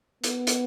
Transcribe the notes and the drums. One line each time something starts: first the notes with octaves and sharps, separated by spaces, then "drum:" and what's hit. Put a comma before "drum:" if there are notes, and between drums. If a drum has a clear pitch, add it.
B3, drum: hi-hat
drum: hi-hat